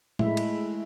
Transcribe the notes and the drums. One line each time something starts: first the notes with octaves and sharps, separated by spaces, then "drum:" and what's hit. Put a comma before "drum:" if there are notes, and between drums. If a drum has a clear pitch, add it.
G#3 A3 E4 E5, drum: tom A2
drum: cymbal